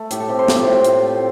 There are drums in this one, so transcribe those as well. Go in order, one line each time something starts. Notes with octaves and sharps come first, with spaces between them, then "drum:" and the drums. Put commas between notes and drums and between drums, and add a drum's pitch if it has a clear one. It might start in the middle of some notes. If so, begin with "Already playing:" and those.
Already playing: A3
A2 G4, drum: hi-hat
A4
C4 G4
C5
A3 G4, drum: snare
F4
A2 G4
A2, drum: hi-hat
C4